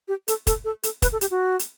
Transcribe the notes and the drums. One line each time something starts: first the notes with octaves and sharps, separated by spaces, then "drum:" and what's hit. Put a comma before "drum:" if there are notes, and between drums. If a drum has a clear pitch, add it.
G4
A4, drum: hi-hat
A4, drum: kick, hi-hat
A4
A4, drum: hi-hat
B4, drum: kick, hi-hat
A4
G4, drum: hi-hat
F#4
drum: hi-hat